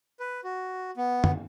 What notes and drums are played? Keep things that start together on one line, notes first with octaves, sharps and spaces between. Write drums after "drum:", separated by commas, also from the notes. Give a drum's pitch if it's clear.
B4
F#4
B3
drum: tom